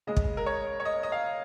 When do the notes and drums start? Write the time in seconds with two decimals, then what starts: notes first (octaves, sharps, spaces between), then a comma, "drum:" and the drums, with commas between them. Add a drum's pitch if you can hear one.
0.07 C#3 G#3 D#5
0.17 drum: kick
0.37 A#4
0.46 C#5
0.80 C#5
0.85 D#5
1.03 D#5
1.12 F5